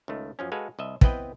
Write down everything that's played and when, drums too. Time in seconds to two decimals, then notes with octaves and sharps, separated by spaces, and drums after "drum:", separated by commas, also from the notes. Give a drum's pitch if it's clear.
0.08 C#2 D#3 A3
0.39 F#2 F3 C#4
0.52 G#3 F#4 A4 B4 F5 G#5
0.79 C2 D#5 E5
1.01 B3 C4 E4 B4 D#5 G5, drum: kick